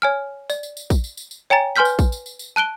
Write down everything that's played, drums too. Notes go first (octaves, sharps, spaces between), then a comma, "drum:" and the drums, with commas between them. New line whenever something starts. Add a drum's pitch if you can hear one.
C#5 G#5 F6
D5, drum: tambourine
drum: tambourine
drum: tambourine
drum: kick, tambourine
drum: tambourine
drum: tambourine
drum: tambourine
C#5 G5 G#5 A#5 A6
B4 G#5 C6 F6 G6 B6
drum: tambourine
drum: kick, tambourine
drum: tambourine
drum: tambourine
drum: tambourine
A5 F#6 D7 G7